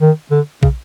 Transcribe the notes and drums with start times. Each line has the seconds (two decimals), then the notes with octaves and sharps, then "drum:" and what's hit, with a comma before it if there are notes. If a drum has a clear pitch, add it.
0.01 D#3
0.31 D3
0.63 C#3, drum: kick